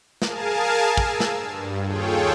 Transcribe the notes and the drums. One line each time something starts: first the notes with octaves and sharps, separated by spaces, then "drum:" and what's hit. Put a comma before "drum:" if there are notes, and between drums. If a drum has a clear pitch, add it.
G#4 A#4 F5 G#5 A5, drum: snare
E6, drum: kick
drum: snare
G2
D#2 F4 G#4 A4 C#5 G5